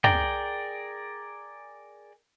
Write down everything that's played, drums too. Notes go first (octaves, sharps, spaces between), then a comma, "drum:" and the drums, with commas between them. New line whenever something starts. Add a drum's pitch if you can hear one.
G#4 A#4 D5 G5, drum: tom